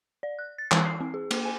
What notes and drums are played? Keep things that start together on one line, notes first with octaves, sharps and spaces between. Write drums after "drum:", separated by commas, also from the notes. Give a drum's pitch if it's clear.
D5
F#6
A6
E3, drum: clap
C7
C4
G#4
A#3, drum: cymbal
G#5